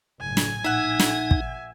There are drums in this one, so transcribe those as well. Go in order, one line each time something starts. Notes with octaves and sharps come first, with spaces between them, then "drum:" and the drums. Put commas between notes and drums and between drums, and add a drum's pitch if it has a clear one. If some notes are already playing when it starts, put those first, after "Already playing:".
F#1 A2 G#5 G#6
drum: snare
A#1 D#4 E5 F#5
drum: snare
drum: kick